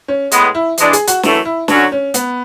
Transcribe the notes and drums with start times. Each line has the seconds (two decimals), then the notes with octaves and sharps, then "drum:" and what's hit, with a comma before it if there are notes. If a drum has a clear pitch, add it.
0.08 C#4
0.32 A2 G#3 B3, drum: hi-hat
0.55 E4
0.78 E3 G#3 D4, drum: hi-hat
0.93 G#4, drum: hi-hat
1.08 F#4, drum: hi-hat
1.23 F#2 E3 A3, drum: snare
1.45 E4
1.68 D3 F#3 C#4 D4 F#4, drum: snare
1.92 C#4
2.14 B3, drum: hi-hat